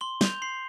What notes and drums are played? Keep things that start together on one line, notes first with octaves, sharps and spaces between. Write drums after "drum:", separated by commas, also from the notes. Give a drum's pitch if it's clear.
C6 G7
G6 F7, drum: snare
C6 C7